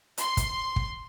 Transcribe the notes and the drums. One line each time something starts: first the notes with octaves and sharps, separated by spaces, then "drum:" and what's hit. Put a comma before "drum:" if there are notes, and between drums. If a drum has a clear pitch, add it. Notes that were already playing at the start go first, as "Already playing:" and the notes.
C6, drum: hi-hat
drum: kick, hi-hat
drum: kick